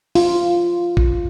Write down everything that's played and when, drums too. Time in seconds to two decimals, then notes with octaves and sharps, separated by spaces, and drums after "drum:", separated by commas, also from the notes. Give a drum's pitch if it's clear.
0.15 F4, drum: open hi-hat
0.97 drum: kick